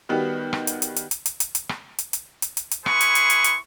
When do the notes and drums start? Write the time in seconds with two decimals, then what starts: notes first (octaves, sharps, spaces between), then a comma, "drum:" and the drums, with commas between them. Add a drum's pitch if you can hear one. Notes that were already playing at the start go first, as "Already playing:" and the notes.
0.09 D#3 G3 B3 F#4 G4
0.53 drum: rim click
0.67 drum: hi-hat
0.82 drum: hi-hat
0.96 drum: hi-hat
1.11 drum: hi-hat
1.26 drum: hi-hat
1.40 drum: hi-hat
1.55 drum: hi-hat
1.69 drum: rim click
1.98 drum: hi-hat
2.13 drum: hi-hat
2.42 drum: hi-hat
2.57 drum: hi-hat
2.71 drum: hi-hat
2.86 E4 G#4 B4 C6 C#6, drum: rim click
3.01 drum: hi-hat
3.15 drum: hi-hat
3.30 drum: hi-hat
3.44 drum: hi-hat